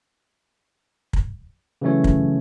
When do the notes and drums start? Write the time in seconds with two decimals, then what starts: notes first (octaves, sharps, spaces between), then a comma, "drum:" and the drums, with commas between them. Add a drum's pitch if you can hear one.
1.13 drum: kick
1.82 C#3 E3 F#3 A3 C#4 C#5
2.04 drum: kick